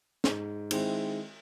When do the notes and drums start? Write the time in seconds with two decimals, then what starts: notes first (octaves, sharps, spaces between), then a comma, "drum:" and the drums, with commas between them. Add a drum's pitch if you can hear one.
0.24 G#2, drum: snare
0.71 D#3 G#3 C4 E4, drum: cymbal